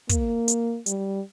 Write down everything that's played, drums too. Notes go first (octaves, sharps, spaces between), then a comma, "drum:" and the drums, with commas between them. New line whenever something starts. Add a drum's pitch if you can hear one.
A#3, drum: kick, hi-hat
drum: hi-hat
G3, drum: hi-hat